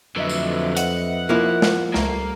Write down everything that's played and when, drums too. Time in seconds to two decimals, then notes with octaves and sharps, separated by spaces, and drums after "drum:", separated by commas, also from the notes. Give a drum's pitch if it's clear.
0.16 F2 D3 F#3 B4 D#5 E5
0.29 drum: tambourine
0.77 F#5, drum: hi-hat
1.29 F3 A#3 E4
1.62 drum: snare
1.94 C#2 G3 A3 A#3, drum: snare